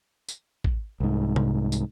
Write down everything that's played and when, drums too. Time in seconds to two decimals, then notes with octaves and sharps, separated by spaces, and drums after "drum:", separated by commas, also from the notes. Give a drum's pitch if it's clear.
0.29 drum: tambourine
0.64 drum: kick
1.00 C2 G#2
1.36 drum: tom C3
1.72 drum: tambourine